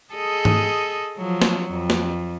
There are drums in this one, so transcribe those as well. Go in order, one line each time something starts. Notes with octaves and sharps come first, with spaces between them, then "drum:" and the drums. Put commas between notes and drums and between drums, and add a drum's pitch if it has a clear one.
G#4 A4 D#5
drum: tom G#2
F3 F#3
drum: snare
F2
drum: snare